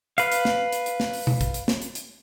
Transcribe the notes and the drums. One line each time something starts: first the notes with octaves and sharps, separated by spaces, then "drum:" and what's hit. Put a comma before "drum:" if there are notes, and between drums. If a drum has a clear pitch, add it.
B4 F5, drum: hi-hat
drum: hi-hat
drum: snare
drum: hi-hat
drum: hi-hat
drum: snare
drum: open hi-hat
drum: tom B2
drum: kick, hi-hat
drum: hi-hat
drum: snare
drum: hi-hat
drum: hi-hat